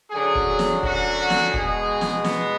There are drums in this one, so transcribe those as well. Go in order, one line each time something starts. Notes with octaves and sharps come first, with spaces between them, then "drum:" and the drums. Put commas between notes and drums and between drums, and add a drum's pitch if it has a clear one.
F#2 D3 F#3 G#4
drum: kick
drum: snare
F#4, drum: kick
drum: snare
B2 G#3 G#4, drum: kick
drum: snare
B3, drum: snare